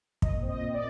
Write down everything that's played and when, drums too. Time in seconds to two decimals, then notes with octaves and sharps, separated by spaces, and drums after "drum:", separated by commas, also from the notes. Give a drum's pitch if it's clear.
0.22 A#2 D#5, drum: kick
0.42 C4
0.49 D#5
0.61 A#2
0.74 D5